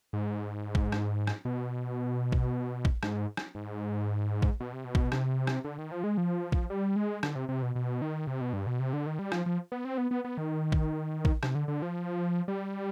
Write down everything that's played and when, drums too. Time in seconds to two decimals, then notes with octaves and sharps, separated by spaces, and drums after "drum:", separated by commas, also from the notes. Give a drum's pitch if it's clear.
0.13 G#2
0.75 drum: kick A1
0.92 drum: rim click
1.27 drum: rim click
1.45 B2
2.32 drum: kick A1
2.85 drum: kick A1
3.03 G#2, drum: rim click
3.37 drum: rim click
3.55 G#2
4.42 drum: kick A1
4.60 B2
4.73 C3
4.85 B2
4.95 drum: kick A1
5.12 C3, drum: rim click
5.47 drum: rim click
5.64 D3
5.78 D#3
5.91 F3
6.04 G#3
6.18 F3
6.52 drum: kick A1
6.70 G3
6.96 G#3
7.23 D3, drum: rim click
7.35 C3
7.49 C3
7.62 B2
7.75 B2
8.02 D#3
8.27 C3
8.41 B2
8.53 G2
8.67 B2
8.80 C3
8.93 D3
9.06 D#3
9.19 G3
9.32 F3, drum: rim click
9.46 F3
9.72 B3
9.85 C4
9.98 B3
10.11 B3
10.25 B3
10.38 D#3
10.72 drum: kick A1
11.25 drum: kick A1
11.43 C3, drum: rim click
11.55 D3
11.68 D3
11.82 F3
12.48 G3